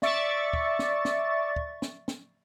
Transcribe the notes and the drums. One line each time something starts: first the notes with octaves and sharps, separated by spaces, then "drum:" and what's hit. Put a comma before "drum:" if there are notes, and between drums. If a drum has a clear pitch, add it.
D5 E5 C#6 A6, drum: snare
drum: kick
drum: snare
drum: snare
drum: kick
drum: snare
drum: snare